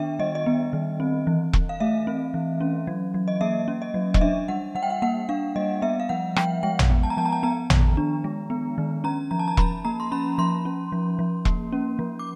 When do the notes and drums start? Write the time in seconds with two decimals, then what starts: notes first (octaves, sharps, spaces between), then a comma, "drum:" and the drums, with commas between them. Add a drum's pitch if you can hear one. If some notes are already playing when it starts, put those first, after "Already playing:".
Already playing: D#3 B3 D4 E5 G5
0.19 G3 D#5
0.35 D#5
0.46 B3
0.73 D#3
1.00 C4
1.27 E3
1.53 E3, drum: kick E1
1.69 F5
1.80 A3 E5
2.07 C4
2.34 E3
2.61 C#4
2.87 F#3
3.14 F#3
3.28 D#5
3.41 A#3 E5
3.68 C#4
3.82 D#5
3.94 F#3
4.14 D#5, drum: kick E1
4.21 D4 E5
4.48 G3 F#5
4.75 G3 F#5
4.83 G5
4.90 F#5
5.02 A#3 F#5
5.29 D4 F5
5.56 G3 D#5
5.82 B3 E5
6.00 F5
6.09 F3 F#5
6.36 F3 G5, drum: rim click
6.63 G#3 G5
6.79 drum: tom A1
6.90 B3
7.03 A5
7.10 A#5
7.17 F3 A5
7.25 A#5
7.32 A5
7.43 B3 A#5
7.70 D#3, drum: tom A1
7.97 D4
8.24 G#3
8.50 B3
8.78 D#3
9.04 C#4 A#5
9.31 F3 A#5
9.39 A5
9.48 A#5
9.57 F3 B5, drum: kick E1
9.85 A#3 A#5
10.00 C6
10.12 C#4 B5
10.38 F3 C6
10.65 C#4
10.92 F3
11.19 F3
11.45 A#3, drum: kick E1
11.72 C#4
11.99 F3
12.19 D6